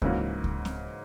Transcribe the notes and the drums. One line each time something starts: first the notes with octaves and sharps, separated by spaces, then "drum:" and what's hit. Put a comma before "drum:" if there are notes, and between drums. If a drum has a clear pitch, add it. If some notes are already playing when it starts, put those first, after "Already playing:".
G#2 C#3 E3 A#3 C#4 F#4, drum: kick C#2
drum: kick C#2
drum: snare C4